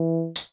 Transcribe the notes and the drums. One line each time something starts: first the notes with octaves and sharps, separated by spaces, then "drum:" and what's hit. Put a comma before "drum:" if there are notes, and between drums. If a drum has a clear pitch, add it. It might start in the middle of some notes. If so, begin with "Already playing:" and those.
Already playing: E3
drum: tambourine